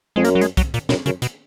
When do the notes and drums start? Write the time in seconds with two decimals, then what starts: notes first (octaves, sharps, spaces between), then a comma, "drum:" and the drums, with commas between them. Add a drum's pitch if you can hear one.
0.16 F2 G#3
0.25 F#2 A#3, drum: hi-hat
0.35 F#3
0.41 G#3, drum: hi-hat
0.57 F#3, drum: kick, hi-hat
0.74 A#2, drum: hi-hat
0.89 F#2 B2, drum: snare
1.06 F#2 C#3, drum: hi-hat
1.22 B2, drum: hi-hat